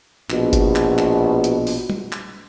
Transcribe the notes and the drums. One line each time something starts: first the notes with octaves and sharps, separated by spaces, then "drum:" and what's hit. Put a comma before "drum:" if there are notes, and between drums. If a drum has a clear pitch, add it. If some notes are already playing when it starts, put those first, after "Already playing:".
A#1 B2, drum: clap
drum: kick F#1, hi-hat
drum: clap
drum: clap
drum: hi-hat
drum: open hi-hat
drum: tom
drum: clap